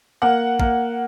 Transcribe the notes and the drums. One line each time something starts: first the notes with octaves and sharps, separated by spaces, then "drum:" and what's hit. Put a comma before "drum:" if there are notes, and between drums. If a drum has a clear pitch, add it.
A#3 F#5
A#3, drum: kick